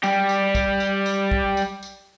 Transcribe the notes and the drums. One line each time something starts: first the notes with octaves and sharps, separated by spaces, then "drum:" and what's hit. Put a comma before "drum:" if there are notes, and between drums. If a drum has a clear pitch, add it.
G3 G4, drum: tambourine
drum: tambourine
drum: kick, tambourine
drum: tambourine
drum: tambourine
drum: kick
drum: tambourine
drum: tambourine